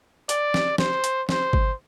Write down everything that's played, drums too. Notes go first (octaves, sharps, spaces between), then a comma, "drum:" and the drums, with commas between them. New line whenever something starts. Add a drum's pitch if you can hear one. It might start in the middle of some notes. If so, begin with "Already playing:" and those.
D5, drum: hi-hat
drum: snare
C5, drum: snare
drum: hi-hat
C5, drum: snare
drum: kick G#1